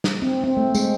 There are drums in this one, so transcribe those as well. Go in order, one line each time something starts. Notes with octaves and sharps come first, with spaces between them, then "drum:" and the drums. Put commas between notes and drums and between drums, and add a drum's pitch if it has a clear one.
drum: snare
C4
C4
A3
G#3, drum: tambourine